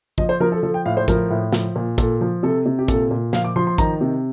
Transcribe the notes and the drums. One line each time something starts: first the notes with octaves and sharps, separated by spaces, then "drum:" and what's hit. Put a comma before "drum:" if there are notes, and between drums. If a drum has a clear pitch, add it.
F3 D#5, drum: kick A1
C5
F3 A#4
A4
F3 A4
G5
A2 F5
C5
F3 A#4, drum: kick A1, hi-hat
A2
F3, drum: snare
A#2
A#2 A4, drum: kick A1, hi-hat
F3
C3 A4
C3
G4
A#2 A4, drum: kick A1, hi-hat
A#2
F3 F5, drum: snare
D6
F3 C6
C6
D#3 A#5, drum: kick A1, hi-hat
C3